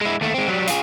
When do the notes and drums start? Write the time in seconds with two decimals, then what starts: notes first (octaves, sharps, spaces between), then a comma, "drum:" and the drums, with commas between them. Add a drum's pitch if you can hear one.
0.01 G#3 E4
0.21 D#2 A3
0.34 G#3 C4
0.48 F#3 G3
0.67 F4 G#4, drum: hi-hat